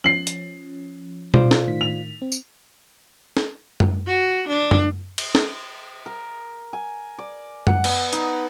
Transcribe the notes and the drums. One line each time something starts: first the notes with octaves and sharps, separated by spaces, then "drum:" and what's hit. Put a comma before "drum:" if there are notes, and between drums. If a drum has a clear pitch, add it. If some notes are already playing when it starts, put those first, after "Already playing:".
F3 C#4 C7 F#7
drum: hi-hat
F4 C5 D5, drum: tom B2
drum: snare
A2 D#3 B6
F7
C4
drum: tambourine
drum: snare
drum: tom F#2
F#4
D4
drum: tom F#2
drum: cymbal
drum: snare
A#4
G#5
D5
F#5, drum: tom F#2
B3, drum: cymbal
D#4, drum: hi-hat